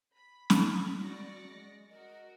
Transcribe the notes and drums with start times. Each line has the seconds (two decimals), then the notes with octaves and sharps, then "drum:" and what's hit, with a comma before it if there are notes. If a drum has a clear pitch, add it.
0.15 B5
0.50 drum: snare
1.00 F#4 D5 A#6 C#7
1.46 G#3
1.89 F#4 A#4 D#5